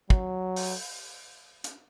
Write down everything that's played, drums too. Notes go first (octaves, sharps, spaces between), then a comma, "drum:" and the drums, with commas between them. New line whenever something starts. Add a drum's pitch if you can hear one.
F#3, drum: kick
drum: open hi-hat
drum: hi-hat